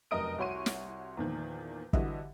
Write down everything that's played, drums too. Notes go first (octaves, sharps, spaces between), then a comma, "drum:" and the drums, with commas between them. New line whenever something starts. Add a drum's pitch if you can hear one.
F1 F#2 A#4 D#5 D#6 D7
C2 F#4 C#5 C6 C#6 D#7
drum: snare
E2 A#2 D#3 F3
D3 E3 G3 F#4 D#5 E5, drum: kick